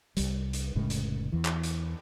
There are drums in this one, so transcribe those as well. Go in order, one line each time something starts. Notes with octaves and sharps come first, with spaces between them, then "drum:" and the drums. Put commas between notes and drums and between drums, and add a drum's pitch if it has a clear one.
C2 G3, drum: hi-hat
drum: hi-hat
F1 A2 C#3 G#3
drum: hi-hat
E2 E3
drum: clap
drum: hi-hat